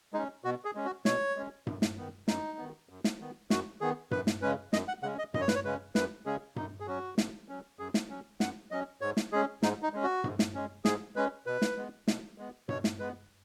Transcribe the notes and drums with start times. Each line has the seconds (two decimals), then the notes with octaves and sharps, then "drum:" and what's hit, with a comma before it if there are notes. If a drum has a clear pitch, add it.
0.13 G#3 C#4 D#4
0.44 B2 F#4
0.65 G#4
0.75 G#3 C#4
0.85 F#4
1.05 B2 C#5, drum: snare
1.36 G#3 C#4
1.67 F#2, drum: tom G2
1.82 drum: snare
1.97 D#3 B3
2.28 F#2 D#4, drum: snare
2.58 D#3 B3
2.89 F#2
3.04 drum: snare
3.20 D#3 B3
3.50 F#2 F#4, drum: snare
3.81 D#3 B3 G#4
4.11 F#2 B4, drum: tom G2
4.27 drum: snare
4.42 C#3 G#3 C#4 B4
4.73 F#2 D#5, drum: snare
4.88 F#5
5.03 C#3 G#3 C#4 F#5
5.18 D#5
5.34 F#2 D#5, drum: tom G2
5.41 C#5
5.48 B4, drum: snare
5.55 C#5
5.65 C#3 G#3 C#4 B4
5.95 F#2 B4, drum: snare
6.26 C#3 G#3 C#4 G#4
6.56 F#2 D#4, drum: tom G2
6.80 G#4
6.87 F#3 C#4 F#4
7.18 F#2, drum: snare
7.48 F#3 C#4
7.79 F#2 G#4
7.94 drum: snare
8.09 F#3 C#4
8.40 F#2 F#5, drum: snare
8.71 F#3 C#4 D#5
9.01 G#2 C#5
9.17 drum: snare
9.32 G#3 C#4 G#4
9.63 G#2 D#4, drum: snare
9.83 D#4
9.93 G#3 C#4
10.03 F#4
10.24 G#2, drum: tom G2
10.39 drum: snare
10.54 G#3 C#4
10.85 G#2 G#4, drum: snare
11.16 G#3 C#4 B4
11.46 B2 B4
11.62 drum: snare
11.77 G#3 B3
12.08 B2, drum: snare
12.38 G#3 B3
12.69 B2 C#5, drum: tom G2
12.84 drum: snare
12.99 G#3 B3 B4